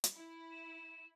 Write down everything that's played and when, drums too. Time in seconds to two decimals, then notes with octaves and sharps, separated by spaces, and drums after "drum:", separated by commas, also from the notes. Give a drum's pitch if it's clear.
0.04 drum: hi-hat
0.16 E4
0.51 E7